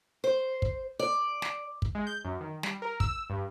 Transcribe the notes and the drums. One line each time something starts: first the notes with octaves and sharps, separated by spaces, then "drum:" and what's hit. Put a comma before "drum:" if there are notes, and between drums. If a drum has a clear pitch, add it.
C5
drum: kick
D5
drum: snare
drum: kick
G#3
G6
F#2
D#3
G3, drum: snare
A#4
E6, drum: kick
G2